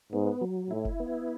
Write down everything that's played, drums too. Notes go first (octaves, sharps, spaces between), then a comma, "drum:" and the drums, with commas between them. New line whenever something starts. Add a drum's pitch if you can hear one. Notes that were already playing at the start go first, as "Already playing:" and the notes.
G#2 B3
F#3
A2 E4
drum: kick
B3